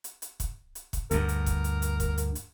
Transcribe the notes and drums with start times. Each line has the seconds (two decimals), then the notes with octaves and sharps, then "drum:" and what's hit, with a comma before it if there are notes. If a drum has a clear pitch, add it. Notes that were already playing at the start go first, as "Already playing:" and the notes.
0.04 drum: hi-hat
0.22 drum: hi-hat
0.40 drum: kick, hi-hat
0.75 drum: hi-hat
0.93 drum: kick, hi-hat
1.11 D2 G2 A#4, drum: hi-hat
1.29 drum: hi-hat
1.46 drum: kick, hi-hat
1.64 drum: hi-hat
1.82 drum: hi-hat
2.00 drum: kick, hi-hat
2.18 drum: hi-hat
2.35 drum: hi-hat